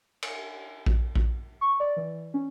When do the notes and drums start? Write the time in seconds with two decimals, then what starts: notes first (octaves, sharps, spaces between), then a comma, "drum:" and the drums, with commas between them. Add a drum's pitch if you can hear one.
0.23 drum: cymbal
0.86 drum: kick A#1
1.15 drum: kick A#1
1.61 C#6
1.80 D5
1.96 E3
2.34 C#4